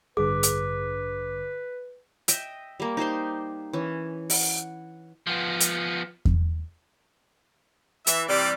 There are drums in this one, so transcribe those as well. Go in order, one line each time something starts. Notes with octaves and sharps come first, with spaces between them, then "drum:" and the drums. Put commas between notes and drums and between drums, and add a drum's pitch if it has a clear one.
A1 G2 D3 G#4 B4 D6
drum: hi-hat
D#5 E5 G5, drum: hi-hat
G3 A#3
D#4 G4 C5 C6
E3 C#4
F#5, drum: open hi-hat
F3 B3
drum: hi-hat
drum: kick E2
E3 E5, drum: hi-hat
C3 E3 G3 D5